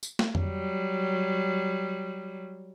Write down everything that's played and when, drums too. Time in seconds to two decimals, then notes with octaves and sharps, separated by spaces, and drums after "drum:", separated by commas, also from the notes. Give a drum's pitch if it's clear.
0.03 drum: tambourine
0.19 drum: snare
0.35 F#3 G3, drum: tom F2